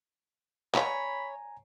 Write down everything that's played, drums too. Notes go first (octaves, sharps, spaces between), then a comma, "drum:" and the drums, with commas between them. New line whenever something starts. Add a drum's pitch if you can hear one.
C#5 G#5 A#5 B5, drum: clap